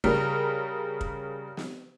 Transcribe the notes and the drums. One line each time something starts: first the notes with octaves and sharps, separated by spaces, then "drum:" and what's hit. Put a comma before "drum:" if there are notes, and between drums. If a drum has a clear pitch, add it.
C#3 G3 A#4, drum: kick
drum: kick
drum: snare